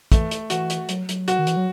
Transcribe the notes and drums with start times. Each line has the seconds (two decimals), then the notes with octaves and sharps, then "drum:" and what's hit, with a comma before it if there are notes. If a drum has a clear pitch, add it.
0.12 E3 A3, drum: kick, hi-hat
0.31 drum: hi-hat
0.50 E3 F#4, drum: hi-hat
0.70 drum: hi-hat
0.89 F#3, drum: hi-hat
1.09 F#3, drum: hi-hat
1.28 F#4, drum: hi-hat
1.39 D#3
1.47 E3, drum: hi-hat
1.57 F#3